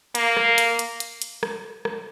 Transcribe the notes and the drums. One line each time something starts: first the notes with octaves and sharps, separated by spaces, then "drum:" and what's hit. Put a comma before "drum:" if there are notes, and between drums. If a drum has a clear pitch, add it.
A#3, drum: hi-hat
drum: rim click
drum: hi-hat
drum: hi-hat
drum: hi-hat
drum: hi-hat
drum: rim click
drum: rim click